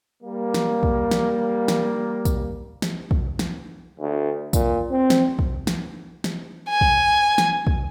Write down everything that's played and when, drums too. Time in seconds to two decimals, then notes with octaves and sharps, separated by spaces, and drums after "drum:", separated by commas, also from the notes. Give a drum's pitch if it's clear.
0.22 G3 A#3
0.54 drum: snare
0.83 drum: kick
1.11 drum: snare
1.68 drum: snare
2.25 drum: kick, tambourine
2.82 drum: snare
3.11 drum: kick
3.39 drum: snare
4.00 D2
4.53 A#2, drum: kick, tambourine
4.91 C4
5.10 drum: snare
5.39 drum: kick
5.67 drum: snare
6.24 drum: snare
6.70 G#5
6.81 drum: kick
7.38 drum: snare
7.67 drum: kick